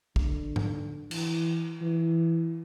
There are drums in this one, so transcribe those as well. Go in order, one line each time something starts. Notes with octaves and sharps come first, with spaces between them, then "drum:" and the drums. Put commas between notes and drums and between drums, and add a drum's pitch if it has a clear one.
D3, drum: kick
drum: tom G#2
E3, drum: cymbal
E3